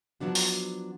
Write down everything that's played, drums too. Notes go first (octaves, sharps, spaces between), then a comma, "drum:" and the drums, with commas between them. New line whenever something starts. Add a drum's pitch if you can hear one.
F3 F#3 B3 D4 F#4
drum: open hi-hat